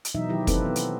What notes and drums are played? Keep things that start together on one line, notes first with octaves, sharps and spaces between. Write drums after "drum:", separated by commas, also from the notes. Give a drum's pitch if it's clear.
drum: hi-hat
B2 E3 F#3 D#4 E5
D#3 F#3 E4 G4
A#3 C4 D#4 A4 B4, drum: kick, hi-hat
E3 B3
drum: hi-hat